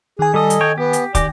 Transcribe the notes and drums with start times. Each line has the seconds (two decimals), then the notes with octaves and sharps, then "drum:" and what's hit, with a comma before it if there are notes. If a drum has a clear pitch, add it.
0.19 D#3 G#4 G#5
0.34 G3 A4 D#5 D#6
0.50 drum: hi-hat
0.61 C#5 G5
0.78 B3 G4
0.93 drum: hi-hat
1.15 D#3 G4 D5 G#5 D6 A#6, drum: kick, hi-hat